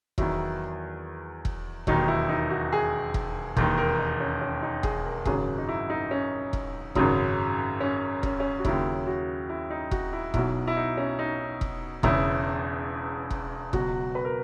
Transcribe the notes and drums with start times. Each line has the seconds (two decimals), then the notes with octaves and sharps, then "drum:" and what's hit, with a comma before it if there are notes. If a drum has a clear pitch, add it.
0.18 E2 D#3 F#3 E4, drum: kick E1
1.45 drum: kick E1
1.87 E1 D#2 D#3 F#3 D#4, drum: kick E1
2.08 E4
2.29 D#4
2.50 F#4
2.72 G#4
3.14 drum: kick E1
3.57 E1 D#2 D#3, drum: kick E1
3.77 A#4
3.99 D#4
4.20 C#4
4.41 C#4
4.63 D#4
4.83 G#4, drum: kick E1
5.05 A#4
5.25 G#1 F#2 C#3 F#3 G#4, drum: kick E1
5.58 D#4
5.69 E4
5.90 D#4
6.11 C#4
6.53 drum: kick E1
6.95 G#1 F#2 C#3 F#3, drum: kick E1
7.80 C#4
8.23 C#4, drum: kick E1
8.40 C#4
8.59 F#4
8.65 D#2 C#3 F#3 E4, drum: kick E1
9.07 F#4
9.49 E4
9.70 D#4
9.91 F#4, drum: kick E1
10.13 E4
10.34 B1 B2 F#3 E4, drum: kick E1
10.67 E4
10.76 D#4
10.97 C#4
11.19 D#4
11.61 drum: kick E1
12.03 E1 E2 C#3 E4, drum: kick E1
13.30 drum: kick E1
13.73 C#2 B2 F#3 F#4, drum: kick E1
14.15 B4
14.25 A#4